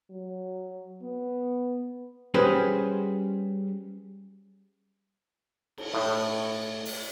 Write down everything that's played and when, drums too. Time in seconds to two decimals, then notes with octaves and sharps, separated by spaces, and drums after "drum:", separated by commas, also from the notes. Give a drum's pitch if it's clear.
0.10 F#3
1.02 B3
2.34 G3 C#4 F#4 G#4 B4 C5
5.78 drum: cymbal
5.94 A2
6.85 drum: open hi-hat